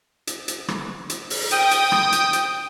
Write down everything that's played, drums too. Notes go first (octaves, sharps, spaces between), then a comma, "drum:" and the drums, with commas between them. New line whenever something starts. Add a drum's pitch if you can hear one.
drum: hi-hat
drum: hi-hat
drum: rim click
drum: hi-hat
drum: open hi-hat
G5 D#6, drum: hi-hat
drum: hi-hat
drum: rim click
drum: hi-hat
drum: hi-hat